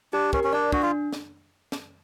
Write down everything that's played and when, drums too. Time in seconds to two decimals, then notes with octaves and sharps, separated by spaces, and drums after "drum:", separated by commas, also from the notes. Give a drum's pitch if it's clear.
0.13 D4 G4
0.33 C#4 A#4, drum: kick
0.44 C#4
0.53 D4 D5
0.72 D4 F#4, drum: kick
0.82 F4
1.13 drum: snare
1.72 drum: snare